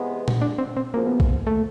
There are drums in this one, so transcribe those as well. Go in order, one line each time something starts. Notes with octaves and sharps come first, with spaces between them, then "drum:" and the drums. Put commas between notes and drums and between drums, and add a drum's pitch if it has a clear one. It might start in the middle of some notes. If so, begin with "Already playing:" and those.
Already playing: C3 E3 G#3 B3
drum: tom A#2
D4
C4
C4
F#2 C#3 F3 A#3
B3
A#3, drum: kick A#1
A3